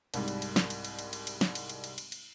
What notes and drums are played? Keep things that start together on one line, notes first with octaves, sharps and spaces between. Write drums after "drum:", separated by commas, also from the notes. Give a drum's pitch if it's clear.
C2 G#2 G3, drum: cymbal
drum: cymbal
drum: cymbal
drum: snare
drum: cymbal
drum: cymbal
drum: cymbal
drum: cymbal
drum: cymbal
drum: snare
drum: cymbal
drum: cymbal
drum: cymbal
drum: cymbal
drum: cymbal